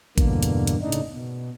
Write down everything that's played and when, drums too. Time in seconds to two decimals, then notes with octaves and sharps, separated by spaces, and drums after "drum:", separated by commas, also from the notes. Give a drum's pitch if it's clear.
0.18 E2 G2 B2 D3 A#3, drum: kick A1, hi-hat
0.43 drum: hi-hat
0.67 drum: hi-hat
0.82 A2 C#3 D4 D#4
0.92 drum: hi-hat
1.12 B2